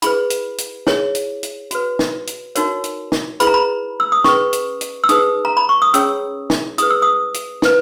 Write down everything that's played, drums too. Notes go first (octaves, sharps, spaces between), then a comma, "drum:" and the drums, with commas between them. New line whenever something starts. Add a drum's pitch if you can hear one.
E4 G#4 B4 B5, drum: hi-hat
drum: hi-hat
drum: hi-hat
E4 G#4 C#5, drum: snare
drum: hi-hat
drum: hi-hat
F#4 B4, drum: hi-hat
drum: snare
drum: hi-hat
D#4 F#4 A#4 C#5, drum: hi-hat
drum: hi-hat
drum: snare
E4 G#4 B4 B5, drum: hi-hat
A#5
B5
E6
D#6
C#4 G#4 B4 C#6, drum: snare
drum: hi-hat
drum: hi-hat
E6
D#4 G#4 B4 D#6, drum: hi-hat
A#5
B5
C#6
D#6
C#4 G#4 C#5 E6, drum: hi-hat
drum: snare
E4 G#4 B4 D#6, drum: hi-hat
E6
D#6
drum: hi-hat
E4 B4, drum: snare